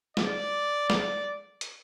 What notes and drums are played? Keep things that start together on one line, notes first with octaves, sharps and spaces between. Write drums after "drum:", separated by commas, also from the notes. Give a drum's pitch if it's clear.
D5, drum: snare
D5, drum: snare
drum: hi-hat